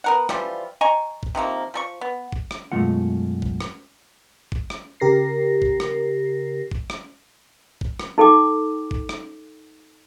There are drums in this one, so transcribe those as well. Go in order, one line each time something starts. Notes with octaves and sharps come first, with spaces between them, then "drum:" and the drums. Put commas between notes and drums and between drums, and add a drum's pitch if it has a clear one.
B3 A#4 F#5
E3 F3 G3 F4, drum: rim click
D#5 G#5 A#5 C#6
drum: kick G#1
C3 D#3 F3 A#3
F3 A4 C#6
B3
drum: kick G#1
drum: rim click
F#2 B2 G#3 A3 F4 F#5
drum: kick G#1
drum: rim click
drum: kick G#1
drum: rim click
C#3 G4 A#4 A#6 C7
drum: kick G#1
drum: rim click
drum: kick G#1
drum: rim click
drum: kick G#1
drum: rim click
D#4 A4 G5 D6
drum: kick G#1
drum: rim click